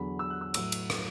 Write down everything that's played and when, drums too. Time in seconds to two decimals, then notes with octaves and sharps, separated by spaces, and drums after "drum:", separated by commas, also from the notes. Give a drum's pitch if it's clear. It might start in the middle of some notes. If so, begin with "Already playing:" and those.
Already playing: E2 D3 F#3 B5
0.19 E6
0.30 F#6
0.41 E6
0.54 A2 F#3 E6, drum: cymbal
0.72 drum: cymbal
0.90 drum: rim click